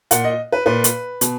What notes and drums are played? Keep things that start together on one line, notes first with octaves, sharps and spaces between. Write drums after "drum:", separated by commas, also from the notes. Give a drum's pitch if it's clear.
A#2 F#5, drum: hi-hat
D#5
B4
A#2 B4
drum: hi-hat
B2, drum: hi-hat